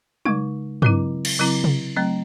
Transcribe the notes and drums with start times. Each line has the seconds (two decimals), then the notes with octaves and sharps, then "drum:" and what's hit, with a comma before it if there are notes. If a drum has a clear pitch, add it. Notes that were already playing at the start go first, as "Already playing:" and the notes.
0.25 C#3 G#3 D#4, drum: tom F#3
0.82 C#3 F#3 C4 E4, drum: tom G2
1.25 drum: cymbal
1.39 C#3 F#3 C4 E4
1.64 drum: tom C3
1.97 F#3 A3 C4